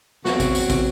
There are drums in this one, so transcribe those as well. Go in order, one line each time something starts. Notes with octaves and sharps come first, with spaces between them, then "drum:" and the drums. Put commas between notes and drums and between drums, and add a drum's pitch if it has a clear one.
E2 F#3 C4 F#4, drum: snare
drum: kick, tambourine
drum: tambourine
drum: kick, tambourine